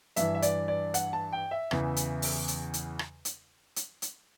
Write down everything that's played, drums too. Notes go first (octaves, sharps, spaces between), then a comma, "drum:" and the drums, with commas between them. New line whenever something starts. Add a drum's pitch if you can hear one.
G2 E3 E5, drum: hi-hat
E5
D5, drum: hi-hat
D5
F#5, drum: hi-hat
A5
G5
E5
E2 C#3 E3, drum: rim click
drum: hi-hat
drum: open hi-hat
drum: hi-hat
drum: hi-hat
drum: rim click
drum: hi-hat
drum: hi-hat
drum: hi-hat